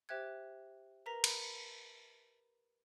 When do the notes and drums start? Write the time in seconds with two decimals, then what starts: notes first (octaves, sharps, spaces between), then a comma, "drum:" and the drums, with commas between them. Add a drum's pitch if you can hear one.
0.09 G4 C5 E5 G5 F#6 G#6
1.06 A#4 B4 A#5 A#6 B6 F7
1.24 B5, drum: cymbal